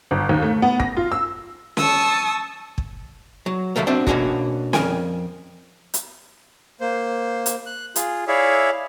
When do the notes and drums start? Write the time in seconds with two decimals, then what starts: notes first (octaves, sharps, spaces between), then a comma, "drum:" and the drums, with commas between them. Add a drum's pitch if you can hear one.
0.11 G1
0.29 D#2
0.42 A3
0.62 B3
0.80 A#6, drum: kick
0.97 F4
1.12 E6
1.77 A5 C#6 D#6 E6, drum: snare C#4
2.78 drum: kick
3.46 F#3
3.76 D#2 C3 F#3 A3 A#3
3.87 C4 D4 F#4 E5
4.07 B2 A#3 C#4 D4 F#4, drum: kick
4.73 F2 A#3 A#4 G5 G#5, drum: snare C#4
5.94 drum: hi-hat
6.81 A#3 C5
7.46 drum: hi-hat
7.66 F#6
7.96 F4 G#4, drum: hi-hat
8.28 E4 G#4 C#5 D5 E5 F5